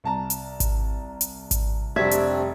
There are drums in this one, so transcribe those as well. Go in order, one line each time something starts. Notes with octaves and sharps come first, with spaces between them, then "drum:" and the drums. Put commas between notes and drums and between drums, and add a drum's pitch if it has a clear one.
C2 A5 A#5
drum: hi-hat
drum: kick G#1, hi-hat
drum: hi-hat
drum: kick G#1, hi-hat
F1 G3 A3 C4 D4 E5 G#6
drum: hi-hat